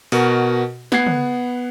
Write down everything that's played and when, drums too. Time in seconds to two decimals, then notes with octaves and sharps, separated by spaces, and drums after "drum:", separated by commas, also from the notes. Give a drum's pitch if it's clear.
0.12 B2 F#4 A#4, drum: open hi-hat
0.92 B3 F#5 G#6 C7, drum: snare
1.07 drum: tom